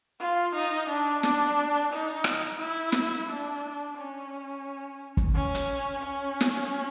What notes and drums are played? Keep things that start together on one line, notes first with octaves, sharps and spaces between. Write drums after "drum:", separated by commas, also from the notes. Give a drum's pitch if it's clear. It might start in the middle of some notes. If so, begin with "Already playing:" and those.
F4
D#4
D4
D4, drum: snare
D#4
drum: rim click
E4
drum: snare
D4
C#4
drum: kick
C#4
drum: hi-hat
C#4
drum: snare